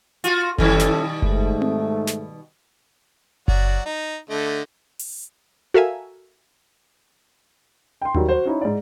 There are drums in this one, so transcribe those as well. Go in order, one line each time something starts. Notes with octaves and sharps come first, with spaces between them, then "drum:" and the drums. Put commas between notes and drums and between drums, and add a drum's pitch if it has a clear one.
F4 F#4, drum: hi-hat
B2 D#3 G3 C#4 E4 A4, drum: kick F#1
drum: snare
G#2 A3, drum: kick F#1
drum: tom C4
drum: snare
F#3 F#4 D5, drum: kick F#1
D#4
D3 A3 D#5
drum: open hi-hat
F#4 A4 A#4 E5 F5 G#5
G5 C6
D#3 F#3 G3, drum: tom D#2
F#4 C5
C#4 D#4 E4
G#2 D5